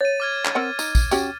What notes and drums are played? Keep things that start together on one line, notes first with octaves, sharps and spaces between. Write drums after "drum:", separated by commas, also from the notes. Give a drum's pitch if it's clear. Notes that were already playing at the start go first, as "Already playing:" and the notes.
C#5 A6 D#7
D6 F6 G#6
drum: clap
C4 A#4 F#5
D#4, drum: tambourine
drum: kick, tambourine
C#4 F#4 G4, drum: tambourine